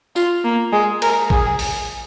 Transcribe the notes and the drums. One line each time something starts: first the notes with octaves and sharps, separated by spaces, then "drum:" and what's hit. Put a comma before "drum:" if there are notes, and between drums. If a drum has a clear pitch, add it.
F4, drum: tambourine
A#3
G#3
A#4, drum: cymbal
G#4, drum: kick
drum: open hi-hat